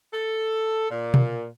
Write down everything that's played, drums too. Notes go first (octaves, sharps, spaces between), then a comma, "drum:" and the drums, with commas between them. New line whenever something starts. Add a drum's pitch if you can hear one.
A4
A#2
drum: tom B2